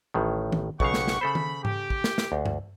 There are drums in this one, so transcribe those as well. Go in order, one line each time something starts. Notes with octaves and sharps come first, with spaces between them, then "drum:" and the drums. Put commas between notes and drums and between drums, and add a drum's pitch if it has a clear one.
A1 A2 D#3
drum: tom
B1 C#3 G4 F5 F#5 C#6, drum: kick
drum: snare
drum: snare
C#3 A4 C5 B5
drum: tom
G4, drum: tom G#2
drum: kick
drum: snare
drum: snare
D2
drum: tom G2